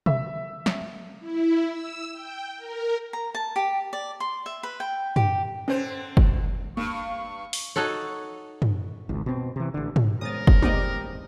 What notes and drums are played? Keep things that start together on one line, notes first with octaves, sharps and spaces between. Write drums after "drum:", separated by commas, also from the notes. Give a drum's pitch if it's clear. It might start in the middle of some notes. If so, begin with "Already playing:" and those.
E5, drum: tom
drum: snare
E4
E6
G5
A#4
A#5
A5
G4
D5
C6
E5
B4
G5
G4, drum: tom
D3 C4 C#4 B4 C5
drum: kick
G2 A#3 C#6
drum: open hi-hat
D#4 F#4 A4 C#5
drum: tom
G#1 C#2
B2 C4
C3 E3
A1 D3
drum: tom
E2 G#2 C#3 A#4 D#6 A6
drum: kick
C4 D#4 G4 D5 D#5, drum: tom